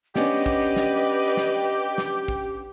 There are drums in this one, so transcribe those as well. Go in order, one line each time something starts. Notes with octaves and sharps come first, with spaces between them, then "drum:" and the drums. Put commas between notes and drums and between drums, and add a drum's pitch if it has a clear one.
B3 C#4 D4 G4 B4 D5 D#5, drum: snare
drum: kick
drum: snare
drum: snare
drum: snare
drum: kick